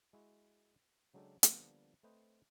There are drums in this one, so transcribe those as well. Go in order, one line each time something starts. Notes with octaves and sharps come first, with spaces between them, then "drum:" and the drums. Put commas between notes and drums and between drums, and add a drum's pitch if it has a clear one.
G#3 E4 F#4
C#3 F#3 G#3 D4 A4 G5
D3 F3 G3 A#3 B3 D4, drum: hi-hat
A3 C4 B4 C5 D#5